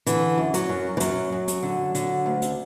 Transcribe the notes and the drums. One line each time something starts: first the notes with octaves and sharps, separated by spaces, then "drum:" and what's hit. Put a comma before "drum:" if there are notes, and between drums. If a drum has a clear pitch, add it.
D3 E3, drum: hi-hat
F#2
F#3, drum: hi-hat
F#2
E3
F#2 F#3, drum: hi-hat
F#2
drum: hi-hat
D3
D3, drum: hi-hat
D2
drum: hi-hat